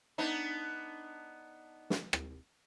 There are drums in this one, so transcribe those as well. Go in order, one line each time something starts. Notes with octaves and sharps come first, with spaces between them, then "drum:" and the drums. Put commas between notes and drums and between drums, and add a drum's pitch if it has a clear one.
B3 D4 D#4
drum: snare
drum: rim click